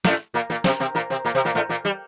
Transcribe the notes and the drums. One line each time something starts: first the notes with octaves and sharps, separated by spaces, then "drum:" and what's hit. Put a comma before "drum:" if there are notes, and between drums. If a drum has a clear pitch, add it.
A2 A3, drum: snare
A#2 A#3
A#2 A#3
C3 C4, drum: snare
C3 C4
A#2 A#3
C3 C4
A#2 A#3
C3 C4
A#2 A#3
A2 A3
A#2 A#3
G3